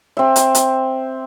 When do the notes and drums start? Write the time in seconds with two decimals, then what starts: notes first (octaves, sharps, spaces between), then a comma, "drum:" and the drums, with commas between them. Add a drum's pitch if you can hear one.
0.17 C4 E5
0.36 drum: hi-hat
0.55 drum: hi-hat